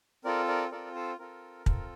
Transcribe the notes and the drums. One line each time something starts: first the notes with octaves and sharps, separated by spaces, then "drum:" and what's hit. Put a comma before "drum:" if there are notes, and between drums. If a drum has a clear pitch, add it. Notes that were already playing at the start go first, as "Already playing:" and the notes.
C4 F4 A4 A#4 D5
A#4 D5
C4 F4 A4 A#4 D5
A4 C5
C4 F4 A4 A#4
C4 F4 A4, drum: kick